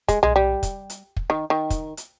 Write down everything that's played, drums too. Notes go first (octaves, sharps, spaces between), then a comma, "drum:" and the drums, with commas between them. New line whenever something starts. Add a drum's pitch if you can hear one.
G#3, drum: kick, hi-hat
G#3, drum: tom B1
G3
drum: kick, hi-hat
drum: hi-hat
drum: kick
D#3
D#3
drum: kick, hi-hat
drum: hi-hat